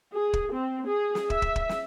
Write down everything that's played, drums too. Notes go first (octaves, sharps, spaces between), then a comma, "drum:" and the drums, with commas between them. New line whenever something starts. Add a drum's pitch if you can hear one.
G#4
drum: kick
C4
G#4
drum: snare
E5, drum: kick
drum: kick
drum: kick
drum: snare